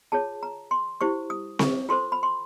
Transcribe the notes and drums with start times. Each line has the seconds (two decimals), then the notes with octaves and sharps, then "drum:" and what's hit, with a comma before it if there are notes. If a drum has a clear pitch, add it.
0.12 F4 G#4 C#5 A5
0.43 A#5
0.71 C6
1.01 E4 G4 C5 C#6
1.30 D#6
1.59 C#6, drum: snare C4
1.89 F4 A4 C5 C6
2.12 B5
2.23 C6